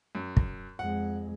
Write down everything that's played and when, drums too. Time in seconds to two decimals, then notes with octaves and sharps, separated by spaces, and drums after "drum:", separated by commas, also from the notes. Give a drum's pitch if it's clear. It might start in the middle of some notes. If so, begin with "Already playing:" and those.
0.15 F#2
0.37 drum: kick
0.79 F2 G#3 F#5